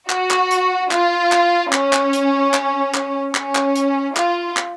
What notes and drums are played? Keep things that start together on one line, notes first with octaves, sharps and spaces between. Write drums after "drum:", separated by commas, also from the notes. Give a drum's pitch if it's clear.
F#4, drum: clap
drum: clap
drum: hi-hat
F4, drum: clap
drum: clap
C#4, drum: clap
drum: clap
drum: hi-hat
drum: clap
drum: clap
C#4, drum: clap
drum: clap
drum: hi-hat
F4, drum: clap
drum: clap